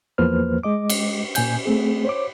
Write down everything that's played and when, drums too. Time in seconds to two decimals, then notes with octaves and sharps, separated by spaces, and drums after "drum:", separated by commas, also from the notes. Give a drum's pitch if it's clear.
0.18 E2 F3 A#3 B4 C5 F6
0.63 G#3 D#5 D6
0.90 drum: cymbal
1.35 A#2 G#5 G6, drum: cymbal
1.65 A3 C4 G#4
2.05 C5 C#5 D6